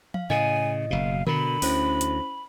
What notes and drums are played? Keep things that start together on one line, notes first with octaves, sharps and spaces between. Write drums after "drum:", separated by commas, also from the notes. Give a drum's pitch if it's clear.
F5, drum: tom F3
A2 C#3 D#5 G#5
F#1 B2 F5
B2 D3 A#4 B5, drum: tom D3
D2 C#4 E4 C5, drum: open hi-hat
drum: hi-hat